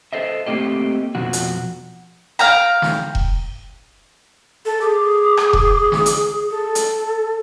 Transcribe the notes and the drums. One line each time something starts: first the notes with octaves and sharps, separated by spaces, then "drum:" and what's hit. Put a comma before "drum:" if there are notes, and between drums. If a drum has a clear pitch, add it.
A4 C5 D#5 E5
A3 A#3 C4 G4 D#5
F2 B2 F3 F#4
drum: hi-hat
F5 G5 A#5
drum: snare
drum: kick E1
A4
G#4 D6
drum: rim click
drum: kick E1
drum: snare
drum: hi-hat
A4
drum: hi-hat